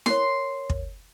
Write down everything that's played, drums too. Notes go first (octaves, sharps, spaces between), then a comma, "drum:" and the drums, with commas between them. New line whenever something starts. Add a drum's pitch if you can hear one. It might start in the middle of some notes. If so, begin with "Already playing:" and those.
A#4 C#5 C6, drum: snare E4
drum: kick